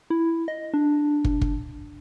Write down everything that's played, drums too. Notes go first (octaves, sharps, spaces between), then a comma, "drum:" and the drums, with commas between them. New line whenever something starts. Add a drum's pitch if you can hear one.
E4
D#5
D4
drum: kick
drum: kick